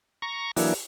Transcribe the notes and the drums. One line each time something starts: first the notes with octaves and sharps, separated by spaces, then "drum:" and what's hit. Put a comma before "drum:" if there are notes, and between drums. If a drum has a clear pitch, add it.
A#5 C#6
E3 F#3 A#3 D4 E4, drum: open hi-hat